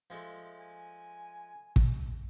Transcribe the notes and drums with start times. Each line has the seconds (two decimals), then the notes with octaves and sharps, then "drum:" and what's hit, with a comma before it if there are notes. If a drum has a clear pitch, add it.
0.10 F3 G#3 A3
0.59 G#5
1.76 drum: kick